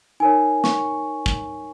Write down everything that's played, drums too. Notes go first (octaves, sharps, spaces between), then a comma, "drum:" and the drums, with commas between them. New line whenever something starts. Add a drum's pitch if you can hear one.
D#4 A#4 C#5 G#5
C#6, drum: snare
drum: kick